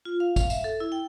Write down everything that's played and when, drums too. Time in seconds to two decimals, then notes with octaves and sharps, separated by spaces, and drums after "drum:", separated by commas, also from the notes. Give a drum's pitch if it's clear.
0.05 F4
0.20 F5
0.36 F5, drum: kick G#1, tambourine
0.50 E5, drum: tambourine
0.64 A4
0.80 E4
0.92 G5